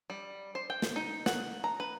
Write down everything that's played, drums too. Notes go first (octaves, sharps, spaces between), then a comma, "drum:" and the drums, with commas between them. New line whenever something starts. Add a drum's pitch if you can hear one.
G3
C5
G5
drum: snare
D#4
F#5, drum: snare
A#5
B4